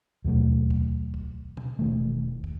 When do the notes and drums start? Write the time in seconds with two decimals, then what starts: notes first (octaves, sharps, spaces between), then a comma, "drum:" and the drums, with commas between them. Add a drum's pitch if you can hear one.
0.25 D#2 B2 F#3 A3
0.71 drum: kick
1.14 drum: kick
1.57 drum: tom
1.79 E1 D#3 A3
2.44 drum: kick